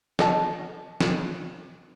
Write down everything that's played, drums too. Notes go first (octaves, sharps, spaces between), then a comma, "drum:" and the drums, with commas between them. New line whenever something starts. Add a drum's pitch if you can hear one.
A4 D#5 A5, drum: snare
drum: snare